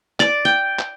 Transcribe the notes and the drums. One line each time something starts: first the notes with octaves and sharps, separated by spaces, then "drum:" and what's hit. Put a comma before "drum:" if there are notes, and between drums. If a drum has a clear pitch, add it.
D5, drum: clap
G5
drum: clap